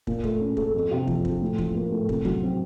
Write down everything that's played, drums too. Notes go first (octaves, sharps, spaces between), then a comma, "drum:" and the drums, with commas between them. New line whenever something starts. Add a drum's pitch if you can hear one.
A#2, drum: kick
A3, drum: kick
C#4
A4, drum: kick
F2
C3
F3, drum: kick
F2, drum: kick
A2
F3, drum: kick
A#3
A2
C3, drum: kick
F#3, drum: kick
C4